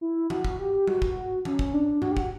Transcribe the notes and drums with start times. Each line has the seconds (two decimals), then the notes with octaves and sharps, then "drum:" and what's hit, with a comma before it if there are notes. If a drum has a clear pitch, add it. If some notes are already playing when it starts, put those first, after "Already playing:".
0.01 E4
0.30 F#4, drum: tom E3
0.45 drum: kick
0.59 G4
0.87 F#4, drum: tom G3
1.02 drum: kick
1.45 C#4, drum: tom E3
1.59 drum: kick
1.74 D4
2.02 F#4, drum: tom G2
2.11 G4
2.17 F#4, drum: kick